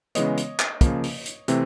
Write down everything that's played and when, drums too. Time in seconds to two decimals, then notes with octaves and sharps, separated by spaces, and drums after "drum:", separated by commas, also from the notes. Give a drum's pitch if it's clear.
0.15 C#3 E3 G#3 B3 C#5 D#5, drum: hi-hat
0.37 drum: hi-hat
0.59 drum: clap
0.81 C#3 F3 A#3, drum: kick, hi-hat
1.04 drum: open hi-hat
1.26 drum: hi-hat
1.48 C3 E3 A3 C4, drum: hi-hat